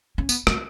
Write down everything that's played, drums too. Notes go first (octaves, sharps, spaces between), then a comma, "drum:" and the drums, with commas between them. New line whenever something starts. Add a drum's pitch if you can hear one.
C#4
B3, drum: tambourine
A3, drum: rim click